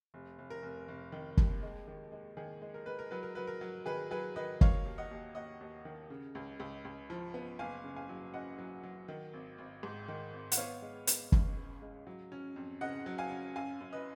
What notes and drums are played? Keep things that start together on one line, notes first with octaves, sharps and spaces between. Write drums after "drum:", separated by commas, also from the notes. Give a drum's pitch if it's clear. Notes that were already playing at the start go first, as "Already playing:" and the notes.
F1
F1
A#4
F1
F1
D#3
D#2, drum: kick
G#3
D#3
G#3
D#3 G#4
G#3
A#4
G#3 B4
A#4
F#3 B4
A#4
F#3 B4
A#4
F#3
D#3 G#4 B4
F#3 G#4 B4
D#3 B4 D#5
D#3 C#5 F5, drum: kick
D#2
D#5 F#5
D#2
D#2 D#5 F#5
D#2
D#3
C#3
C#2
C#2
C#2
F3
B3
F#1 F5 G#5
C#3
F5 G#5
F#3
F#2 D#5 F#5
F#3
F#3
D#3
G#1
G#1
G#2
D#3
G#1
F#5, drum: hi-hat
B3 C#5 F5
G#3
B3, drum: hi-hat
C#2, drum: kick
C#3
G#3
F#3
C#4
F2
C#3 D#5 F#5
F#3
F5 G#5
C#4
F#2 F5 G#5
F#2
B4 D#5